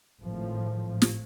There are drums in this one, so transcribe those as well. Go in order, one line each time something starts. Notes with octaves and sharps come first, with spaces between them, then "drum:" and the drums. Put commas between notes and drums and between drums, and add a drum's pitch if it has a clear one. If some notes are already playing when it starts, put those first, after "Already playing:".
G#1 A2 F3
drum: snare